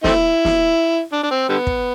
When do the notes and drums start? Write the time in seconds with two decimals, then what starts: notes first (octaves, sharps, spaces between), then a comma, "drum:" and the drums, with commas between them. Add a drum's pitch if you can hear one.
0.04 A3 C4 E4, drum: snare
0.45 drum: snare
1.12 D4
1.23 D4
1.31 C4
1.49 D3 G3 B3
1.67 drum: kick